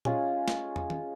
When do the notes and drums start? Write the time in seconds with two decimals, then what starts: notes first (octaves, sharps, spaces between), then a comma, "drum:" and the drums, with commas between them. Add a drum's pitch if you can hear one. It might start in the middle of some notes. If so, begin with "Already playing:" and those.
0.05 G#3 C#4 F4 G#4, drum: tom
0.48 drum: snare
0.76 drum: tom
0.90 drum: tom D#3